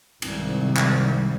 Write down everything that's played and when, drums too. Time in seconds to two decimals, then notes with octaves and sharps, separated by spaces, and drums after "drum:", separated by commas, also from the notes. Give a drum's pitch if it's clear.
0.22 C2 G#2 C3 D#3 G3, drum: cymbal
0.76 drum: clap